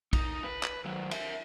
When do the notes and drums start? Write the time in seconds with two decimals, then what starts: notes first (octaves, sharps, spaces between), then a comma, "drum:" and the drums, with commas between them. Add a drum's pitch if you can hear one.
0.13 D#4, drum: kick, cymbal
0.44 B4
0.63 drum: clap
0.85 D#3 F#3
1.11 A#4 E5, drum: cymbal